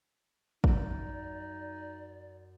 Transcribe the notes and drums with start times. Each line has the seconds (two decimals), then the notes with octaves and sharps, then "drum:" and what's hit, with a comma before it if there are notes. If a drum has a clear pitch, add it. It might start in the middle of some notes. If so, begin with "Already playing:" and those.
0.64 F#2 D#4 D5, drum: kick